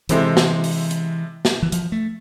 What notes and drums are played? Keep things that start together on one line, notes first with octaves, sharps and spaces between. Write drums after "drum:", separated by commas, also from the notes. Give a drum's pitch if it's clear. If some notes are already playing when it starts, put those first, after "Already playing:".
C3 E3 G#3 C4 E4 A4, drum: hi-hat
drum: snare
drum: open hi-hat
drum: hi-hat
drum: snare
E3
F3, drum: hi-hat
A3